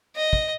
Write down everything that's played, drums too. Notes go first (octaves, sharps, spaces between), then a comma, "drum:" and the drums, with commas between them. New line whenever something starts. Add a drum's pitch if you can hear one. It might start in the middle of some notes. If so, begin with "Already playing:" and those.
D#5
drum: kick